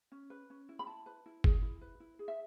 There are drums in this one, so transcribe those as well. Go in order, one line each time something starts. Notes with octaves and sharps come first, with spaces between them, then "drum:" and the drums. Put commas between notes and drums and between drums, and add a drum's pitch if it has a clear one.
C#4
B4
C#4
E4
B5
E4 A5
B4
E4
G#4, drum: kick
E4
B4
E4
G#4
E5